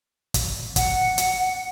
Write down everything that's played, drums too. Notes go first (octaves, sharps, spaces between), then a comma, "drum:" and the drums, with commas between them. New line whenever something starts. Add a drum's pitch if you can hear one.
drum: kick, hi-hat
F#5, drum: kick, hi-hat
drum: hi-hat